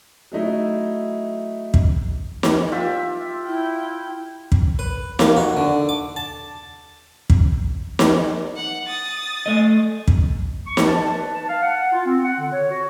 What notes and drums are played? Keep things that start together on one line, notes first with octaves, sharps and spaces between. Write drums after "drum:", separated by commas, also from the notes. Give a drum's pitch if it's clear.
F#3 A3 D#4 E4
drum: kick
drum: snare
F4 G4 E5
E4 G5
drum: kick
B4
A#3, drum: snare
F#4
D3
D6
A5
drum: kick
drum: snare
F#5
D#6 A6
A3 D#5
drum: kick
C#6
drum: snare
A5
B4
A5
F5
F#5
F4
C4
F#5
D3
C#5
F#4